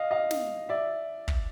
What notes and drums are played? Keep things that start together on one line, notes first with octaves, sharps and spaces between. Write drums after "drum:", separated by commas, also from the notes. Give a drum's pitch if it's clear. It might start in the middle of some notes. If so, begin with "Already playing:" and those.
Already playing: D#5 F5
D#5 F5
drum: snare
D5 E5
drum: kick